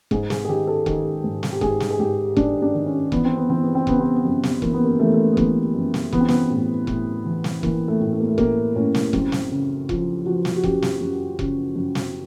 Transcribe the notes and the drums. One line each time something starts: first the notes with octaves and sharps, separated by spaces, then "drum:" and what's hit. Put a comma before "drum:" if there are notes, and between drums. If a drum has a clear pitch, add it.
G#2 G#4, drum: kick E1
G#4, drum: snare
G#4
D#3 G4
A4
D#3, drum: kick E1
G#2
drum: snare
G4
G#2 G#4, drum: kick E1
drum: snare
G#4
G#2 G4
G#2 D4, drum: kick E1
D4
D#3
C#4
E3 B3, drum: kick E1
C4
B3
E3 C4
B3
C4
C#3 B3, drum: kick E1
C4
B3
F#2
drum: snare
E3 A#3, drum: kick E1
B3
A#3
E3 A3
A#3
A3
B3
E3 A#3, drum: kick E1
F#2
drum: snare
E3 B3, drum: kick E1
C4
B3, drum: snare
A2
A2, drum: kick E1
E3
drum: snare
E3 A#3, drum: kick E1
A3
A2
A3
A#3
A3
A2 A#3, drum: kick E1
A2 C#4
drum: snare
F#2 C4, drum: kick E1
drum: snare
C#3
F3, drum: kick E1
F3 F#4
drum: snare
F#4
F#2 G4, drum: kick E1
drum: snare
F#2
C#3, drum: kick E1
F#2
drum: snare